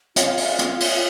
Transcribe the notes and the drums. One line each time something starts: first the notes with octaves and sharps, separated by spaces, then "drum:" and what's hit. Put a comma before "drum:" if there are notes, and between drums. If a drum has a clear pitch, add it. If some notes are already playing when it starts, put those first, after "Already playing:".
F4, drum: hi-hat
drum: open hi-hat
drum: hi-hat
drum: open hi-hat